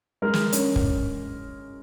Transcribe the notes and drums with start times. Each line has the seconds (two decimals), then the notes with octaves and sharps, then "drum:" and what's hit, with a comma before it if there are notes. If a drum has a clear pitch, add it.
0.22 G#3 A#4
0.34 drum: snare
0.52 C#4, drum: hi-hat
0.76 drum: kick